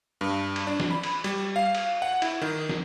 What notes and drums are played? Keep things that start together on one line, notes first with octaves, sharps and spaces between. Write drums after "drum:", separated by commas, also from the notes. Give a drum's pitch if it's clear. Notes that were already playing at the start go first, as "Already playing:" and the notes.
G2
drum: cymbal
D4
drum: snare
B5
drum: cymbal
G3, drum: cymbal
F5
drum: cymbal
F#5
E4, drum: cymbal
D#3
drum: snare